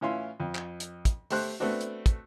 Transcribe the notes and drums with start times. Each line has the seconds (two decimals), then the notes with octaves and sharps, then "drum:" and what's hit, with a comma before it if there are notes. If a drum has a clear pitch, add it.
0.01 A2 E3 C#4 E4 F4 C6
0.40 F2
0.55 drum: clap
0.80 drum: hi-hat
1.05 drum: kick, hi-hat
1.30 A3 G4 C5 F#6, drum: open hi-hat
1.60 A3 B3 C4 D4 F#4
1.81 drum: hi-hat
2.06 drum: kick, hi-hat